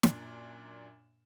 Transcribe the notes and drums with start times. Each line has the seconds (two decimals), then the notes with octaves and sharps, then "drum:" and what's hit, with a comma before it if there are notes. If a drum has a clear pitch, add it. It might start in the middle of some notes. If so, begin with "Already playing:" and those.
0.03 F#2 A#2 D4, drum: snare